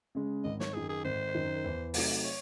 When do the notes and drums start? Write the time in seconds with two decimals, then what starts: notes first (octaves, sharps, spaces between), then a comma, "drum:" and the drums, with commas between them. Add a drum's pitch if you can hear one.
0.15 C#3 G#3 C#4
0.44 G#1 D#5
0.60 C#5, drum: snare
0.74 F#2 D#3 G#4
0.89 G#4
1.05 G#1 C5
1.35 F#2 D#3
1.65 E2
1.94 C3 F#3 A3 D#4, drum: open hi-hat
2.24 C#5